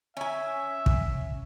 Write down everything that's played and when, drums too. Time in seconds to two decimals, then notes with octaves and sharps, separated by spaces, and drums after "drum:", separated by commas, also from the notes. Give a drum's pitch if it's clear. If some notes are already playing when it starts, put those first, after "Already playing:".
0.17 C#4 E5 G#5
0.86 drum: kick